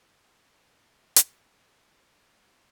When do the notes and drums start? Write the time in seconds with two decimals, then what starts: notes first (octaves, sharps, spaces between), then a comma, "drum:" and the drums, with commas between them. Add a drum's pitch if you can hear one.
0.25 C#4 C6
1.16 drum: hi-hat